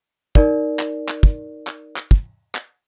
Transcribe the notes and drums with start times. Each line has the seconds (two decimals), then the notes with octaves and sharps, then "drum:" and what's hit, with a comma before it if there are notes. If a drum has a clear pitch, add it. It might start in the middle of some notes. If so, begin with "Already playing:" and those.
0.35 D#4 A#4 D5, drum: kick
0.79 drum: clap
1.09 drum: clap
1.23 drum: kick
1.67 drum: clap
1.96 drum: clap
2.11 drum: kick
2.55 drum: clap